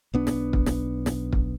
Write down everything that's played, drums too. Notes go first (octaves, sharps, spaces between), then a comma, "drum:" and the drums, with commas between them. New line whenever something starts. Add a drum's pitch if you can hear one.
B1 B3 D4
drum: snare
drum: kick
drum: snare
drum: snare
drum: kick